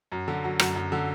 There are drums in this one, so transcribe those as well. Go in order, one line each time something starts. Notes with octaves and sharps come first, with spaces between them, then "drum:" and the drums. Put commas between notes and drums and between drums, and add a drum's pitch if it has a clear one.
F#2
D3
F#3
F#2, drum: rim click
F#2
D3